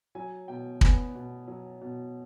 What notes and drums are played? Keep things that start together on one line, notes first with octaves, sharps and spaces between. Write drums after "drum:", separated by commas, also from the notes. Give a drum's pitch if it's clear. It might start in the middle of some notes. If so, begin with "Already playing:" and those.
F#3 G#5
B2 G5
B3 G#5, drum: kick
B2
F#3
B2